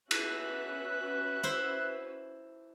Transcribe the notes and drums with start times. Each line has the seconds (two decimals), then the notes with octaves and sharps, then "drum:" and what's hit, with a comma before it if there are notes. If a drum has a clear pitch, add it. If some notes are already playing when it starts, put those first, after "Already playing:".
0.11 C#4 F#4 B4 E5 F#6, drum: cymbal
1.43 E4 C5